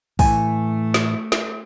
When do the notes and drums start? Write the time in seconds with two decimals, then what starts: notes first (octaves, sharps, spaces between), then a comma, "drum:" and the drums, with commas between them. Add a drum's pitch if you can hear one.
0.19 A2 E3 A3 G#5, drum: kick, open hi-hat
0.94 drum: snare
1.32 drum: snare